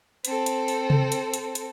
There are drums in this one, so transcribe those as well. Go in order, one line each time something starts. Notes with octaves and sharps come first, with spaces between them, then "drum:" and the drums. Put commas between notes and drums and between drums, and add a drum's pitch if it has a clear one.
C4 A4, drum: hi-hat
drum: hi-hat
drum: open hi-hat
drum: tom C3
drum: hi-hat
drum: hi-hat
drum: hi-hat